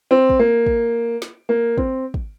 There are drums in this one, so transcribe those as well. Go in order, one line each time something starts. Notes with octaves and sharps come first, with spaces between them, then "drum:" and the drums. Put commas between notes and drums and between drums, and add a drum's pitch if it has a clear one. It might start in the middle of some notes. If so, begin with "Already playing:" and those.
C4
drum: kick
A#3
drum: kick
drum: snare
A#3
C4, drum: kick
drum: kick